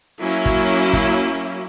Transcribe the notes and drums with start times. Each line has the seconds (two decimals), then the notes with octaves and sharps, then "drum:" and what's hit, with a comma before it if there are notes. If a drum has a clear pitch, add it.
0.22 F#3 A#3 C#4 E4
0.46 drum: kick, hi-hat
0.93 drum: kick, hi-hat